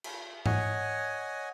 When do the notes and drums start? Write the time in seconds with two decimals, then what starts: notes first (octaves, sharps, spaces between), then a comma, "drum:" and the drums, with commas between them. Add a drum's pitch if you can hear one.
0.04 drum: cymbal
0.46 C#5 D#5 F#5 G#5, drum: tom G#2